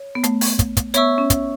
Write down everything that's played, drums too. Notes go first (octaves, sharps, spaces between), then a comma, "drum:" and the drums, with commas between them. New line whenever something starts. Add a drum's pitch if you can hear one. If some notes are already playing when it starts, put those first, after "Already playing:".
Already playing: C#5
B3
A3, drum: hi-hat
drum: open hi-hat
drum: kick, hi-hat
drum: kick, hi-hat
B3 C#5 E5 C#6 E6, drum: hi-hat
C#4
drum: kick, hi-hat